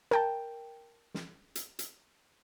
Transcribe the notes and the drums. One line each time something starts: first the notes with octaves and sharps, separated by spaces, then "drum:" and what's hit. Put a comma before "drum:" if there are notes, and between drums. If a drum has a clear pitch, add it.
A#4 G5 A5, drum: rim click
drum: snare
drum: hi-hat
drum: hi-hat